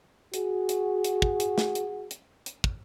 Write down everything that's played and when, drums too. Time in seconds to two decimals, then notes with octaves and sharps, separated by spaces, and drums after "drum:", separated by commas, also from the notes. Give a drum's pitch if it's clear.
0.34 F#4 G#4, drum: hi-hat
0.69 drum: hi-hat
1.04 drum: hi-hat
1.22 drum: kick
1.40 drum: hi-hat
1.58 drum: snare
1.75 drum: hi-hat
2.11 drum: hi-hat
2.46 drum: hi-hat
2.64 drum: kick